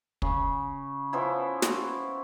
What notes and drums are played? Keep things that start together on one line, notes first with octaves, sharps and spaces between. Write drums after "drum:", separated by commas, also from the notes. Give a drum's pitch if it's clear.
C#3, drum: kick
F3 B3 C#4 E4
drum: snare